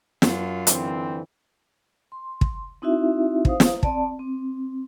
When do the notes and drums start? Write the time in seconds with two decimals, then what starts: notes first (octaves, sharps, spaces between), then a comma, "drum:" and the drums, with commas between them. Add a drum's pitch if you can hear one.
0.22 F#2 F4, drum: snare
0.67 D3 E3 C4, drum: hi-hat
2.12 C6
2.41 drum: kick
2.82 C4 D#4 E4 F#4 E5
3.45 C5 F5 D#6, drum: kick
3.60 drum: snare
3.83 C4 D5 A5, drum: kick
4.19 C4